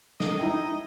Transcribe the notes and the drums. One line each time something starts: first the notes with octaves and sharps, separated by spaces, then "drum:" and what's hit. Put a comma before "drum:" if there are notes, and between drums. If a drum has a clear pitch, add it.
D#5, drum: snare
D#4 E4 G5